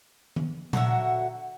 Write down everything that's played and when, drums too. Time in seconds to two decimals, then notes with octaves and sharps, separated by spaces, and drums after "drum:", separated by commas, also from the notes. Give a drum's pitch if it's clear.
0.36 drum: tom D#3
0.73 D3 F#3 F#4 E5, drum: tom A#2